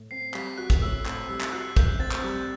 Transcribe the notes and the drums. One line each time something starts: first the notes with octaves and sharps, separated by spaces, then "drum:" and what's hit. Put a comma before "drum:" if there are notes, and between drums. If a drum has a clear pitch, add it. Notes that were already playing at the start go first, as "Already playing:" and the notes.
Already playing: A2
C4 C7
G3 B6, drum: clap
F#4 F#6
drum: kick, hi-hat
A2 E6
C4, drum: clap
G3 E6
drum: clap
F#4 F#6
A2 G6, drum: kick, hi-hat
C4 A6
drum: clap
G3 G6